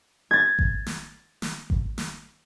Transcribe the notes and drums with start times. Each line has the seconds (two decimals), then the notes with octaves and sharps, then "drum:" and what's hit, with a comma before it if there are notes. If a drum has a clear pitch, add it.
0.31 G#6 A6
0.59 drum: kick G#1
0.86 drum: snare
1.42 drum: snare
1.70 drum: kick G#1
1.98 drum: snare